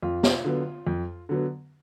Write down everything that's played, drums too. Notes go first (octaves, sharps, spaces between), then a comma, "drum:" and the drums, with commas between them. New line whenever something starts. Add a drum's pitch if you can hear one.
F2 F4
drum: snare
D3 F#3 B3
F2
D3 F#3 B3